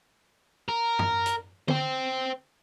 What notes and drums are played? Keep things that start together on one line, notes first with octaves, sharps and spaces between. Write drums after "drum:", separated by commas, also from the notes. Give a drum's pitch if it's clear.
A#4
drum: tom
drum: hi-hat
C5 G5, drum: tom D3